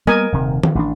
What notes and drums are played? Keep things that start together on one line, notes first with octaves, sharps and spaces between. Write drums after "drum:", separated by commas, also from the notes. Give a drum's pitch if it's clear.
G3 A#3 B3 A#4 D#5 G#5
D#1 C3 D#3
drum: tom D#3
A1 D4